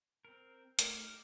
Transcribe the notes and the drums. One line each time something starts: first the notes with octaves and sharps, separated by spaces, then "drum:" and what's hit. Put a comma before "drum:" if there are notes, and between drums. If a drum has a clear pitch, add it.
C4 A#4
A3 D#4 G4 A#4 F6, drum: hi-hat